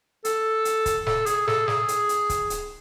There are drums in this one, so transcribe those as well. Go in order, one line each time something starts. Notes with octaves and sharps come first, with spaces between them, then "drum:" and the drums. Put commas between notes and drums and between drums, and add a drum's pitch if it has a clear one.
A4, drum: hi-hat
drum: hi-hat
drum: kick, hi-hat
A4, drum: snare
G#4, drum: hi-hat
A4, drum: snare
G#4, drum: snare
drum: hi-hat
drum: hi-hat
drum: kick, hi-hat
drum: hi-hat